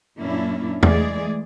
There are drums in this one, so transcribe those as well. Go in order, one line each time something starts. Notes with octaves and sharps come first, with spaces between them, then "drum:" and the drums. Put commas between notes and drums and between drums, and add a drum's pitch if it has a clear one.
F#2 A#2 A#3 C#4 D4 E4
E3 G#3 A3 G#4 D5, drum: tom E2